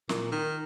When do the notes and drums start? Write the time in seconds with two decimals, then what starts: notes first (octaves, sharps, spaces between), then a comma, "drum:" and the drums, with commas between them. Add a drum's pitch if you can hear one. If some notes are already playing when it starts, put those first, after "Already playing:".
0.09 A#2, drum: snare
0.32 D#3